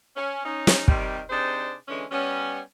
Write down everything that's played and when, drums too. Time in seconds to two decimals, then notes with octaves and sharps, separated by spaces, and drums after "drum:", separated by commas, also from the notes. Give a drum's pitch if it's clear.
0.16 C#4
0.45 C#4 D#4
0.67 drum: snare
0.88 C3 D#3 G3, drum: kick
1.29 C3 D4 D#4 G#4 C5
1.88 D3 E3 G#3 C#4
2.11 G3 B3 C#4